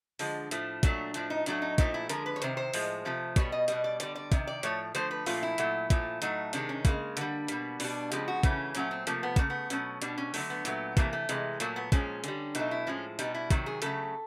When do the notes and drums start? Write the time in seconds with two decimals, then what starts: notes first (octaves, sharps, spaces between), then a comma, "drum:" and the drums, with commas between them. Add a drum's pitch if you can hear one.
0.19 D3 F3 G#3, drum: open hi-hat
0.51 A2 F3 A3, drum: hi-hat
0.83 A#2 F#3 A3 D4, drum: kick, hi-hat
1.14 A2 F3 A3 D4, drum: hi-hat
1.30 D#4
1.46 A2 F#3 A3 D4, drum: hi-hat
1.62 D#4
1.78 A#2 F3 A3 D#4, drum: kick, hi-hat
1.94 E4
2.09 D3 F3 G#3 A#4, drum: hi-hat
2.26 B4
2.36 C#5
2.42 C3 D#3 C5, drum: hi-hat
2.57 C5
2.74 A2 F3 G#3, drum: open hi-hat
3.05 C3 F3 A3
3.36 B2 G3 C#5, drum: kick, hi-hat
3.52 D#5
3.68 B2 G3 D#5, drum: hi-hat
3.84 D5
4.00 D3 G3 D5, drum: hi-hat
4.15 D5
4.32 C3 D#3, drum: kick, hi-hat
4.47 D5
4.63 A2 F3 A3 C#5, drum: hi-hat
4.95 D3 F3 A3 C5, drum: hi-hat
5.11 B4
5.26 A#2 F3 A3 F4, drum: open hi-hat
5.43 E4
5.58 A#2 F#3 A3, drum: hi-hat
5.90 A#2 F3 A3, drum: kick, hi-hat
6.22 A2 F#3 A3 D#4, drum: hi-hat
6.53 C3 D#3 G#3 D4, drum: hi-hat
6.69 C#4
6.85 C#3 E3 G#3 A#3, drum: kick, hi-hat
7.17 D3 G3, drum: hi-hat
7.48 B2 G3, drum: hi-hat
7.80 B2 G3 D4, drum: open hi-hat
8.12 C#3 F3 G#3 G4, drum: hi-hat
8.28 F#4
8.43 C#3 E3 A3 C#4, drum: kick, hi-hat
8.75 A#2 F#3 A3 C#4, drum: hi-hat
8.91 C4
9.07 C3 F3 A3 A#3, drum: hi-hat
9.23 B3
9.36 C#3 F3 A3 A#3, drum: kick, hi-hat
9.50 B3
9.70 B2 F#3 A3 C#4, drum: hi-hat
10.02 B2 G3 D4, drum: hi-hat
10.18 C#4
10.34 D3 F#3 A3, drum: open hi-hat
10.50 B3
10.65 A#2 F#3 A3, drum: hi-hat
10.97 C3 E3 A3 A#3, drum: kick, hi-hat
11.13 A3
11.29 C3 E3 G#3, drum: hi-hat
11.60 A#2 F#3 A3 A#3, drum: hi-hat
11.76 B3
11.92 A#2 F3 G#3 C#4, drum: kick, hi-hat
12.24 D3 G3, drum: hi-hat
12.55 B2 F#3 A3 D#4, drum: hi-hat
12.71 E4
12.87 A2 F3 G#3 C#4
13.19 B2 G3 D#4, drum: hi-hat
13.34 E4
13.51 C3 D#3 F#3, drum: kick, hi-hat
13.66 G#4
13.82 C#3 F#3 A3 A4, drum: hi-hat